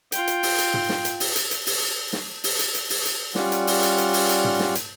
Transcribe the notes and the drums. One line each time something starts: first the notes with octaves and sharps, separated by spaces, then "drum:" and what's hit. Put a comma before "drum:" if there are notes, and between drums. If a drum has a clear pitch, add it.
F4 G5, drum: hi-hat
drum: hi-hat
drum: open hi-hat
drum: hi-hat
drum: tom
drum: snare
drum: hi-hat
drum: open hi-hat
drum: hi-hat
drum: hi-hat
drum: open hi-hat
drum: snare
drum: open hi-hat
drum: hi-hat
drum: hi-hat
drum: open hi-hat
drum: hi-hat
G3 C#4 F4 D5 F#5, drum: snare
drum: hi-hat
drum: open hi-hat
drum: hi-hat
drum: hi-hat
drum: open hi-hat
drum: hi-hat
drum: tom
drum: snare
drum: hi-hat